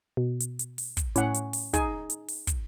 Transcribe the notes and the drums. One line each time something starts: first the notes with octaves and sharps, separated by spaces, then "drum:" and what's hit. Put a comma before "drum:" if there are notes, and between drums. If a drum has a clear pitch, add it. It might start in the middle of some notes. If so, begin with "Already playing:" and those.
B2
drum: hi-hat
drum: hi-hat
drum: open hi-hat
drum: kick, hi-hat
A2 C#4 F#5, drum: hi-hat
drum: hi-hat
drum: open hi-hat
D#4 G#4 G#5, drum: kick, hi-hat
drum: hi-hat
drum: open hi-hat
drum: kick, hi-hat